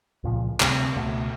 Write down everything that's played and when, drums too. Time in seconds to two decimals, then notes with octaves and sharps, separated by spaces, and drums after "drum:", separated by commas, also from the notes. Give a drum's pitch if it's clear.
0.24 C#2 A#2 F3
0.60 D2 C3 G3 C4, drum: clap
0.96 C#2 B2 A3